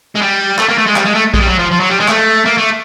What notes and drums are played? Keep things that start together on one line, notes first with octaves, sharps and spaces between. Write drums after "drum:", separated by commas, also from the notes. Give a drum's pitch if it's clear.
G#3
G3
A3, drum: clap
A#3
A3
G#3
G3, drum: clap
G#3
A3
G#3, drum: kick
G3
F#3
F3
F3
F#3
G3
G#3
A3, drum: clap
A#3
A3